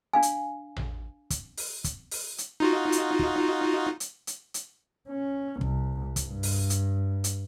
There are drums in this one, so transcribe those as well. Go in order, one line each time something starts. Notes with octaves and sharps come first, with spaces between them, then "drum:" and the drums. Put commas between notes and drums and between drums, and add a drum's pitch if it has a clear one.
D4 F5 G#5
drum: hi-hat
drum: tom A1
drum: kick, hi-hat
drum: open hi-hat
drum: kick, hi-hat
drum: open hi-hat
drum: hi-hat
D#4 F4 F#4
drum: hi-hat
drum: kick
drum: hi-hat
drum: hi-hat
drum: hi-hat
C#4
C2, drum: kick
drum: kick, hi-hat
G2
drum: open hi-hat
drum: hi-hat
drum: hi-hat